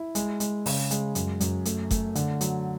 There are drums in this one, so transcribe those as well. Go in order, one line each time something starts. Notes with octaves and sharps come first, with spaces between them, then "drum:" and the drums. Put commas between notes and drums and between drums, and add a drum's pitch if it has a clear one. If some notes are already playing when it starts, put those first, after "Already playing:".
Already playing: E4
G#3, drum: hi-hat
G#3, drum: hi-hat
C#3, drum: open hi-hat
G#3, drum: hi-hat
F#2, drum: hi-hat
F#2, drum: hi-hat
A3, drum: hi-hat
A3, drum: kick F#1, hi-hat
D3, drum: hi-hat
F#3, drum: hi-hat